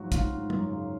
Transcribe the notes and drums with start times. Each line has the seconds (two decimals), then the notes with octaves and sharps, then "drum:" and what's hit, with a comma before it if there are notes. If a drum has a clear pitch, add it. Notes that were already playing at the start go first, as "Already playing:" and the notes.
Already playing: G#2 F3 F#3 F#4
0.12 G#2 F4, drum: kick, hi-hat
0.31 G#2
0.50 F#2, drum: tom
0.69 C#3